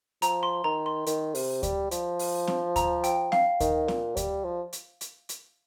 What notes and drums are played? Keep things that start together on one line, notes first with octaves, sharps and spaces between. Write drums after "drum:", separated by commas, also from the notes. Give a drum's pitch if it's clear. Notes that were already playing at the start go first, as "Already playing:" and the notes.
F3 A#5, drum: hi-hat
C6
D#3 A#5
C6
D#3, drum: hi-hat
C3, drum: open hi-hat
G3, drum: kick D2, hi-hat
F3, drum: hi-hat
drum: open hi-hat
drum: snare C4
A#5, drum: kick D2, hi-hat
G5, drum: hi-hat
F5, drum: snare C4
D#3, drum: kick D2, hi-hat
A#2, drum: snare C4
G3, drum: kick D2, hi-hat
F3
drum: hi-hat
drum: hi-hat
drum: hi-hat